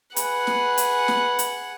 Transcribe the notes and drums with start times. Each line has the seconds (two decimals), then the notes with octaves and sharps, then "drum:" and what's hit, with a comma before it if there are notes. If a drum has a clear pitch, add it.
0.16 G#4 B4 F#5, drum: hi-hat
0.47 drum: snare
0.77 drum: hi-hat
1.08 drum: snare
1.39 drum: hi-hat